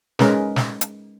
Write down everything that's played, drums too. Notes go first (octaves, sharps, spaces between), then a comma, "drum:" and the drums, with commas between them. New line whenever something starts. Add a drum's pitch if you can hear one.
G#3 C#4 A#4 B4, drum: snare
drum: snare
drum: hi-hat